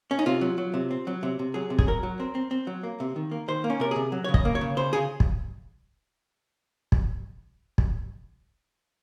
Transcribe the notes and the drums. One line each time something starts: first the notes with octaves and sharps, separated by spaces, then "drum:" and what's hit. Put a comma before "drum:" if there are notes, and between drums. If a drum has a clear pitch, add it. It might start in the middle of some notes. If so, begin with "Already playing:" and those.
C#4
D#4
C3 F4
F#3
F#3
C3
C4
F#3
C3
C3
F#3 G#4
C3
G#4, drum: kick
F#3 A#4
F#3
C4 A#4
C4
C4
F#3
A#3
C3
D#3
A#3
D#3 C5
A#3
C#4
C3 A#4
C3 G#4
F#3
C#3 C#5
D#5, drum: kick
A#3
C#5
C#3
C#3 C5
C#3 G#4
drum: kick
drum: kick
drum: kick